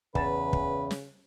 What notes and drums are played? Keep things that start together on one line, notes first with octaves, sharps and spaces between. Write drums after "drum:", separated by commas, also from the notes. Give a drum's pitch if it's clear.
E2 C#3 B4 A5, drum: kick
drum: kick
drum: snare